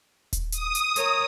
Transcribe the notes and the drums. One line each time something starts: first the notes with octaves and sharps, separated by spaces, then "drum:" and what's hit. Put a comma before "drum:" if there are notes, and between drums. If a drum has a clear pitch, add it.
drum: kick D#1, hi-hat
D#6, drum: hi-hat
drum: hi-hat
A#4 C#5, drum: hi-hat